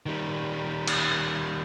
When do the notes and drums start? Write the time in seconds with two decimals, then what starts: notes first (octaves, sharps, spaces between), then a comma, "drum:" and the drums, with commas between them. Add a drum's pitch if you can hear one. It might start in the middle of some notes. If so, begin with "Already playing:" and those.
0.06 D#3 G3
0.87 drum: cymbal